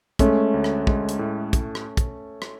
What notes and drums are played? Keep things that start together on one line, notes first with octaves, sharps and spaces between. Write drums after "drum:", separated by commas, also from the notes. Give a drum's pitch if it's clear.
G#3 A3 C#4, drum: kick, hi-hat
D2
drum: rim click
G#3, drum: kick
drum: hi-hat
A2
drum: kick, hi-hat
drum: rim click
drum: kick, hi-hat
drum: rim click